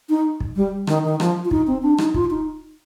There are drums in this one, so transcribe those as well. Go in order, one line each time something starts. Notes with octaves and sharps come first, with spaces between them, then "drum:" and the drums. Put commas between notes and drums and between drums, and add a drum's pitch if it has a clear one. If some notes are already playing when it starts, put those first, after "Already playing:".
D#4
drum: kick
G3
D#3, drum: rim click
D#3
F3, drum: rim click
F4
D#4, drum: kick
C4
D4
D#4, drum: rim click
F4, drum: kick
D#4